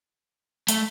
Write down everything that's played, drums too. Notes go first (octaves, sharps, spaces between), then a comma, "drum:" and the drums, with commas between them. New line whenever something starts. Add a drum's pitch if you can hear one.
A3, drum: hi-hat